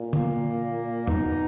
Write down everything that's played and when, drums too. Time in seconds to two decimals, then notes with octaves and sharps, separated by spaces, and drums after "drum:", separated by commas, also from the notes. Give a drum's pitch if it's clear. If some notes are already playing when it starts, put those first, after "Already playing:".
Already playing: A#2
0.13 A#3, drum: tom
1.07 B2 D#4, drum: tom